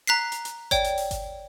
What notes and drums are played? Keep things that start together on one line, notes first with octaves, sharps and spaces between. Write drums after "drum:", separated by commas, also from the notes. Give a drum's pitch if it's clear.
A#5 F#6 B6 C7
drum: hi-hat
drum: hi-hat
C#5 D5 G5, drum: kick G1, hi-hat
drum: hi-hat
drum: open hi-hat
drum: kick G1, hi-hat